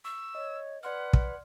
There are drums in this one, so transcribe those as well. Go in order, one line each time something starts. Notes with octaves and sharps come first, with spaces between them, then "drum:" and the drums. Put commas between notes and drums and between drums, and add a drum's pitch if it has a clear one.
C#6 E6
C#5 D#5
B4 D5 F#5 C6 F6
drum: kick